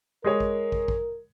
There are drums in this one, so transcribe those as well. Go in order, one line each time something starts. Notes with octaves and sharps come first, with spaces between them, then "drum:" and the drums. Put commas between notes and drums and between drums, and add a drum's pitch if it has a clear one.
G#3 G#4 A#4 C#5
drum: kick
drum: kick
drum: kick